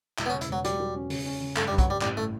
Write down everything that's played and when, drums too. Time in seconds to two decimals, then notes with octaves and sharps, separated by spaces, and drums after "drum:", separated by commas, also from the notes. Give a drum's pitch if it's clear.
0.18 E1 E4, drum: clap
0.26 B3
0.30 C#4
0.33 C#3
0.41 E4, drum: hi-hat
0.49 E1 F#3
0.64 F#3 G3, drum: hi-hat
0.80 F#3
0.95 C#4
1.10 C#3, drum: open hi-hat
1.26 C#4
1.40 C#3
1.56 G2 A3, drum: clap
1.68 G3
1.71 G2
1.78 F#3, drum: kick, hi-hat
1.86 G2 G3
2.01 A1 G3, drum: clap
2.17 A2 A3